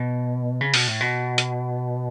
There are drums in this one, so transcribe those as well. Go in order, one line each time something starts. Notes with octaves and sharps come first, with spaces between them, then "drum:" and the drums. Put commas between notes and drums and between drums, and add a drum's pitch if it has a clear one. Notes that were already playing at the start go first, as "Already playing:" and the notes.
Already playing: B2
C#3
B2, drum: open hi-hat
A2
B2
drum: hi-hat